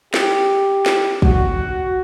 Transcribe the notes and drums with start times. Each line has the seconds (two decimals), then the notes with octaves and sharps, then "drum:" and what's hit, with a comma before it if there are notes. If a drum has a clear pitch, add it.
0.14 G4, drum: snare
0.86 drum: snare
1.22 F#4, drum: kick